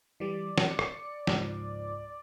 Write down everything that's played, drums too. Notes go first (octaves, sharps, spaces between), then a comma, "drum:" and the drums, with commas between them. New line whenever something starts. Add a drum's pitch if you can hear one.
E3 G3 D5
C#7, drum: snare
drum: rim click
C#2 G#2 F3, drum: snare